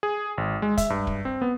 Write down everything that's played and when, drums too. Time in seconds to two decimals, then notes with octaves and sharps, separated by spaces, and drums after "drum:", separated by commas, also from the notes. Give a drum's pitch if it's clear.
0.03 G#4
0.38 G#1
0.62 G#3
0.77 E5, drum: kick, hi-hat
0.90 G2
1.07 drum: kick
1.25 C4
1.42 B3